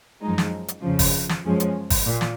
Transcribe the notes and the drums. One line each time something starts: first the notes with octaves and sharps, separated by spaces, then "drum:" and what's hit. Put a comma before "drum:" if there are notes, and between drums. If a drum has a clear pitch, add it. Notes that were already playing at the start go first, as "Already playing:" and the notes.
F#2 F3 G#3 D#4
drum: snare
drum: hi-hat
F2 C#3 F3
drum: kick G1, open hi-hat
drum: snare
F#2 F3 G#3 C#4
drum: hi-hat
drum: kick G1, open hi-hat
A#2
drum: snare